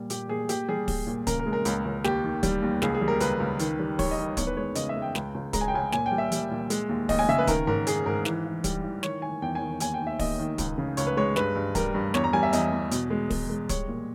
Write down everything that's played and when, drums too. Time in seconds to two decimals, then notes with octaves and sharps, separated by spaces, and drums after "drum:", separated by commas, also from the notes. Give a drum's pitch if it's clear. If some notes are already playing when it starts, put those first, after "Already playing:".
Already playing: A#2 G3
0.10 A#2 G4, drum: hi-hat
0.29 A#2 G#4
0.49 A#2 G4, drum: hi-hat
0.69 G3 G#4
0.88 G3, drum: kick, open hi-hat
1.07 A#2
1.27 C#3 A#4, drum: kick, hi-hat
1.40 A#4
1.46 G#3
1.53 A#4
1.65 C#2, drum: hi-hat
1.85 C#2
2.04 D#2 G4, drum: snare
2.24 D#3
2.43 G3, drum: kick, hi-hat
2.62 D#2
2.82 C#2 G#4, drum: snare
2.94 G#4
3.01 G3
3.08 A#4
3.21 C#2 B4, drum: hi-hat
3.40 C#2
3.60 D#3, drum: hi-hat
3.79 G3
3.99 G3 C#5, drum: kick, open hi-hat
4.11 D#5
4.18 D#3
4.37 E2 C#5, drum: kick, hi-hat
4.47 B4
4.57 G#3 C#5
4.75 C#3 D#5, drum: hi-hat
4.89 E5
4.96 G#3
5.02 G5
5.15 C#2, drum: snare
5.35 C#2
5.53 G#3 A#5, drum: kick, hi-hat
5.61 G#5
5.68 G5
5.74 C#2 G#5
5.92 A#2 G#5, drum: snare
6.06 G5
6.12 G3
6.18 E5
6.32 G3, drum: hi-hat
6.51 A#2
6.70 G#3, drum: hi-hat
6.89 D#2
7.09 D#2 D#5, drum: kick, open hi-hat
7.19 G#5
7.28 C#3 E5
7.38 B4
7.48 D#3 A#4, drum: kick, hi-hat
7.67 G#2 A#4
7.87 D#3 G#4, drum: hi-hat
8.06 G#2 A#4
8.25 E3, drum: snare
8.45 E3
8.64 G3, drum: kick, hi-hat
8.84 E3
9.03 D#3 C#5, drum: snare
9.22 D#3 G#5
9.42 E2 G5
9.55 G#5
9.61 D#3
9.80 D#2 G#5, drum: hi-hat
9.94 G5
10.01 D#3
10.07 E5
10.19 D#2 D#5, drum: kick, open hi-hat
10.39 D#3
10.58 C#2, drum: kick, hi-hat
10.78 C#3
10.97 C#2 C#5, drum: hi-hat
11.07 B4
11.17 G#3 C#5
11.36 G2 B4, drum: snare
11.55 G2
11.75 G3 A#4, drum: kick, hi-hat
11.94 G2
12.14 E2 C#5, drum: snare
12.24 A#5
12.33 G3 G#5
12.43 E5
12.53 E2 D#5, drum: hi-hat
12.72 E2
12.92 B2, drum: hi-hat
13.10 G#3
13.30 G#3, drum: kick, open hi-hat
13.49 G#3
13.69 G3 C#5, drum: kick, hi-hat
13.88 A#2